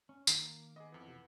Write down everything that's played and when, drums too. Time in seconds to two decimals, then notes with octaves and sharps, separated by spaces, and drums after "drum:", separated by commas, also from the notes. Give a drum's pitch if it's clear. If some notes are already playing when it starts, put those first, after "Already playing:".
0.09 C#4
0.27 D#3 A#3, drum: tambourine
0.76 B3 G#4 D#5 D6
0.92 F2 E3
1.08 C3